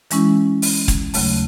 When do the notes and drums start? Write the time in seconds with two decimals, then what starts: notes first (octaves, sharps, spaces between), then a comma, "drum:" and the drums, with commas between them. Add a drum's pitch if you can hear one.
0.11 E3 G#3 C#4 E4, drum: hi-hat
0.62 drum: open hi-hat
0.88 drum: kick, hi-hat
1.14 D#2 C#3 F#3 A3, drum: open hi-hat